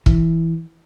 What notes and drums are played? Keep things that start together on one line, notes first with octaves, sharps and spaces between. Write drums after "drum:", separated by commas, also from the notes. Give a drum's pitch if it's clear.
E3, drum: kick